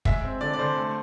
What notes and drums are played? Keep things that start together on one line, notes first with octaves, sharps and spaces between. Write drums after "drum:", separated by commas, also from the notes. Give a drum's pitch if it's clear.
G#3 E5, drum: kick
C4
D3 D5
D5
D3 C5
A3